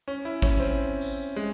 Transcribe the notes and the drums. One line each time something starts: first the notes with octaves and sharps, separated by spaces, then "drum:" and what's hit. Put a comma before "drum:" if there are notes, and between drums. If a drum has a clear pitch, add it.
C#4
E4
C#4, drum: kick G#1
C4
drum: tambourine
G#3